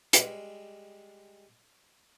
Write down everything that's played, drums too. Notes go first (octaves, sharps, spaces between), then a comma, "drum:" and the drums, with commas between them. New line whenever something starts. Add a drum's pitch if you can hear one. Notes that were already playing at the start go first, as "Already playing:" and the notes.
G3 G#3 D#5, drum: hi-hat